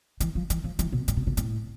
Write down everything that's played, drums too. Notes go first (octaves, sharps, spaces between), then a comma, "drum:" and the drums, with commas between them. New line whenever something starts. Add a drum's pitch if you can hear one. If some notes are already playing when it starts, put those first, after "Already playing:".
E3, drum: hi-hat
F3
E3, drum: hi-hat
F3
E3, drum: hi-hat
B2
A2, drum: hi-hat
B2
B2
A2, drum: hi-hat